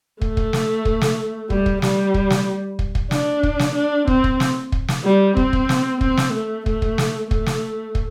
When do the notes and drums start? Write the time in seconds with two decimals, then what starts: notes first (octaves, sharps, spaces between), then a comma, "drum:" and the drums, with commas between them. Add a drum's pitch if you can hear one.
0.21 A3, drum: kick
0.37 drum: kick
0.53 drum: snare
0.85 drum: kick
1.02 drum: snare
1.50 G3, drum: kick
1.66 drum: kick
1.82 G3, drum: snare
2.14 drum: kick
2.30 drum: snare
2.79 drum: kick
2.95 drum: kick
3.11 D4, drum: snare
3.43 drum: kick
3.59 drum: snare
3.75 D4
4.07 C4, drum: kick
4.24 drum: kick
4.40 drum: snare
4.72 drum: kick
4.88 drum: snare
5.04 G3
5.37 C4, drum: kick
5.53 drum: kick
5.69 drum: snare
6.01 C4, drum: kick
6.17 drum: snare
6.33 A3
6.66 A3, drum: kick
6.82 drum: kick
6.98 drum: snare
7.31 A3, drum: kick
7.46 drum: snare
7.95 drum: kick